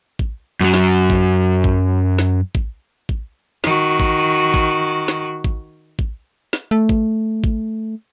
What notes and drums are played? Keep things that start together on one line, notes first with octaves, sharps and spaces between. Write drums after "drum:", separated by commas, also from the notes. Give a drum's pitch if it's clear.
drum: kick A1
F#2 F#3
drum: snare
drum: kick A1
drum: kick A1
drum: snare
drum: kick A1
drum: kick A1
D#3 F#4, drum: snare
drum: kick A1
drum: kick A1
drum: snare
drum: kick A1
drum: kick A1
drum: snare
A3
drum: kick A1
drum: kick A1